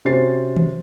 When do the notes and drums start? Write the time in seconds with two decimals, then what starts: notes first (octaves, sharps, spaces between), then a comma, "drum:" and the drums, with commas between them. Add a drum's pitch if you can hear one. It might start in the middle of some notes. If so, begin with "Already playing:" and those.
0.05 C3 C#4 F#4 C5 A6 C7
0.56 drum: tom D#3